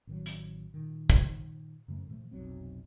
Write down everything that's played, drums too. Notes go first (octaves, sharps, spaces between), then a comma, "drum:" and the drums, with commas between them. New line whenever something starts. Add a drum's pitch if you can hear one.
A1 D#3 F#3
drum: hi-hat
A#2 D#3
drum: kick
F#2 C#3 F3 A3
A#2 E3 F3 A3
F1 B1 F#3 C4